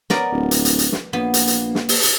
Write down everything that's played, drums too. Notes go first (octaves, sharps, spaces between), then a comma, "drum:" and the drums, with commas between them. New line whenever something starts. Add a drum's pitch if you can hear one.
B3 A#4 D5, drum: snare
D1
drum: hi-hat
drum: hi-hat
drum: hi-hat
drum: snare
A#1 A#3 B3
drum: hi-hat
drum: hi-hat
drum: snare
drum: open hi-hat
drum: hi-hat